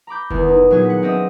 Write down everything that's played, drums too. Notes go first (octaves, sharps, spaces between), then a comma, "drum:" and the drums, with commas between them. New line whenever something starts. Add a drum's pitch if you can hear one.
A#5 B5 D6 G6
E2 D#3 G#3, drum: kick F1
D#4
A#2 F#3 A#3 B3 F4 G#4
F#5 B6
A#3 C4 C#4 D#5 E5